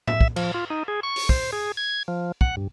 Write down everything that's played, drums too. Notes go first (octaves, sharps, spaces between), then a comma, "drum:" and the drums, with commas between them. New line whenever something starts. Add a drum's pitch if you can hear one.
E5, drum: tom A2
drum: kick
F3, drum: cymbal
F4
D#4
G#4
C#6
drum: open hi-hat
C5, drum: kick
G#4
G#6
F3
F#5, drum: kick
G2